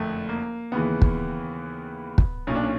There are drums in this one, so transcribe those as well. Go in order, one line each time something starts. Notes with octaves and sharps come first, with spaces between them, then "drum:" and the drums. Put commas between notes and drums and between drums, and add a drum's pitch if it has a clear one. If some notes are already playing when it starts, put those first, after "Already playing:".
Already playing: F#1 F2 D3 A3
A#3
D#2 C#3 E3 B3
drum: kick
drum: kick
B1 A#2 C#4
D4
C#4